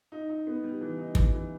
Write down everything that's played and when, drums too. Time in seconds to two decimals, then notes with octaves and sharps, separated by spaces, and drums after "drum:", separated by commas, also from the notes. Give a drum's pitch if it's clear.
0.12 D#4
0.29 D#4
0.47 B3
0.63 G3
0.81 E3
0.98 D#4
1.15 E3, drum: kick
1.33 E3